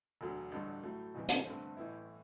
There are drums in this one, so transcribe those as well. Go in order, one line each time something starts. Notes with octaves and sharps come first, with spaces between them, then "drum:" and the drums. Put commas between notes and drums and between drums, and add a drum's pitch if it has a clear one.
E1 D2 D3 F#3
A1 G2 D3 G3
A2 F#3 A3
F#1 E2 C3 E3 G3
drum: hi-hat
G2 D3 A3 C4
A1 A2 E3 B3 E4